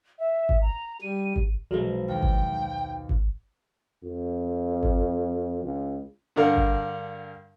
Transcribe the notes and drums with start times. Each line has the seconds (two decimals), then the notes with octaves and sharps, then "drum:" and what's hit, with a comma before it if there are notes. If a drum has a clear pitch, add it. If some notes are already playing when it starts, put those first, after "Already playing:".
0.18 E5
0.49 drum: kick G#1
0.61 A#5
1.02 G3 D#7
1.36 drum: kick G#1
1.71 B1 F3 F#3 G#3 A#3
2.08 D#2 G5
2.23 drum: kick G#1
3.09 drum: kick G#1
4.03 F2
4.83 drum: kick G#1
5.64 C#2
6.36 G2 D3 D4 A#4 F5 F#5
6.56 drum: kick G#1